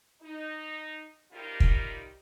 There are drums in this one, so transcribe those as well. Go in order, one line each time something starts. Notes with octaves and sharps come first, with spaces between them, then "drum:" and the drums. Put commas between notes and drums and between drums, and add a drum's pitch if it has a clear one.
D#4
C3 G3 D#4 F4 G4 A#4
drum: kick